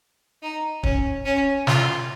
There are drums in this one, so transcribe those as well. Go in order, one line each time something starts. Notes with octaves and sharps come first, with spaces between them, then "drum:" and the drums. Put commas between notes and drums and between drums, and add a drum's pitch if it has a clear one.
D#4
C#4, drum: kick
C#4
F4, drum: snare